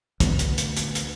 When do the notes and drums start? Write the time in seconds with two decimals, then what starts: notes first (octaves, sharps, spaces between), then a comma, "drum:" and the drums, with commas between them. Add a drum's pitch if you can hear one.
0.20 D2 B3, drum: kick, hi-hat
0.39 drum: hi-hat
0.58 drum: hi-hat
0.77 drum: hi-hat
0.95 drum: hi-hat